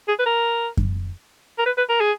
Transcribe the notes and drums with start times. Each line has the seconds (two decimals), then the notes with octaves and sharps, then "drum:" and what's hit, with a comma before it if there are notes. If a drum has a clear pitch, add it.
0.08 G#4
0.19 B4
0.26 A#4
0.77 drum: kick F#2
1.59 A#4
1.66 B4
1.78 B4
1.89 A#4
2.01 G#4